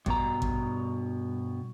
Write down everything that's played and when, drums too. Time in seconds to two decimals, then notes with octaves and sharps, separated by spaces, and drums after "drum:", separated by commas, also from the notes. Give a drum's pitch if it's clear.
0.06 G2 B2 A#5, drum: kick A1
0.42 drum: kick A1